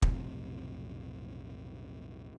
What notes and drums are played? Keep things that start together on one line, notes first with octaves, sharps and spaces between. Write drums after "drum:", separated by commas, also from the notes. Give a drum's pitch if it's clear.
B1 F2 A2 C3, drum: kick